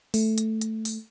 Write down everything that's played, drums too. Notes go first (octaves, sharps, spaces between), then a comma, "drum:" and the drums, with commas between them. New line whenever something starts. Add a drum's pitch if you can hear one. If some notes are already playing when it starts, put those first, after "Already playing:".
A3, drum: open hi-hat
drum: hi-hat
drum: hi-hat
drum: open hi-hat